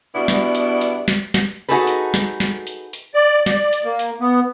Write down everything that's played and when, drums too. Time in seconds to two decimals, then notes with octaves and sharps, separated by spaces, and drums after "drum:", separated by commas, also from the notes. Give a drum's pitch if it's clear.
0.15 B2 G3 B3 D4 E4
0.28 drum: snare
0.55 drum: hi-hat
0.81 drum: hi-hat
1.08 drum: snare
1.34 drum: snare
1.69 D#4 F#4 G#4 A4 B4
1.87 drum: hi-hat
2.14 drum: snare
2.40 drum: snare
2.67 drum: hi-hat
2.93 drum: hi-hat
3.14 D5
3.46 D5, drum: snare
3.73 drum: hi-hat
3.85 A#3
3.99 drum: hi-hat
4.21 B3